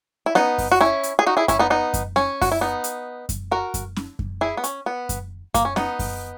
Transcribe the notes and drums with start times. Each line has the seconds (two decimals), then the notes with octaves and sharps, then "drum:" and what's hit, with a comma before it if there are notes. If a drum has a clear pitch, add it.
0.26 E4
0.35 B3 D#4, drum: snare
0.58 drum: kick F#2, open hi-hat
0.72 F#4
0.81 C#4 E4
1.03 drum: hi-hat
1.19 G#4
1.26 D#4 F#4
1.37 E4 G#4
1.48 C#4 E4, drum: kick F#2, hi-hat
1.59 B3 D#4
1.70 B3 D#4
1.94 drum: kick F#2, hi-hat
2.16 C#4, drum: snare
2.42 F#4, drum: kick F#2, open hi-hat
2.52 E4
2.61 B3 D#4
2.84 drum: hi-hat
3.29 drum: kick F#2, hi-hat
3.51 F#4 A#4
3.74 drum: kick F#2, hi-hat
3.96 drum: snare
4.19 drum: kick F#2
4.41 E4 G#4
4.57 B3
4.64 C#4, drum: hi-hat
4.86 B3
5.09 drum: kick F#2, hi-hat
5.54 A#3, drum: kick F#2, hi-hat
5.65 C#4
5.76 B3 D#4, drum: snare
5.99 drum: kick F#2, open hi-hat